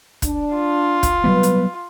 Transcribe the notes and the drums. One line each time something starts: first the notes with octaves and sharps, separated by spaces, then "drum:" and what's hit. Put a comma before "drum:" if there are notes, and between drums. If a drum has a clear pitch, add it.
D4, drum: kick, hi-hat
F4
drum: kick, hi-hat
F#3 G3 B3 B4
drum: hi-hat